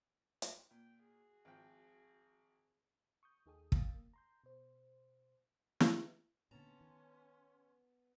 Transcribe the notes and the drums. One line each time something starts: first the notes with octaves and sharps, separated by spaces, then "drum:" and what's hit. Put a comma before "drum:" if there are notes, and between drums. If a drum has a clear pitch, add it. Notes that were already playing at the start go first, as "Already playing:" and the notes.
drum: hi-hat
A#2 G5
F#4 G#4
G#1 F3 G5
C#6 D#6 G6
D#2 D#4 G#4 A4 G5 D#6
F5 G5 D#6 E6 A6, drum: kick
A#3
A#5 C6 G6
B2 C5
drum: snare
A#2 D3 B3 C#4 A5 A#5 C6
D#3